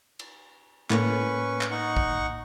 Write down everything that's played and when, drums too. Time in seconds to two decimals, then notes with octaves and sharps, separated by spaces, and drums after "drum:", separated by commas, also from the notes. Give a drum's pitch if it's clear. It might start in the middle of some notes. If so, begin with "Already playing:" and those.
0.19 drum: cymbal
0.90 A2 A#3 C#4 B4 C#6, drum: clap
1.61 drum: clap
1.71 D#4 F#5 C#6
1.97 drum: kick